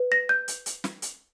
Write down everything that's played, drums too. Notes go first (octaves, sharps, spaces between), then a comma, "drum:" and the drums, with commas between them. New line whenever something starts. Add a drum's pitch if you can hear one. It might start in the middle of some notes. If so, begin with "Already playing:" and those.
Already playing: B4
A#6
G6
drum: hi-hat
drum: hi-hat
drum: snare
drum: hi-hat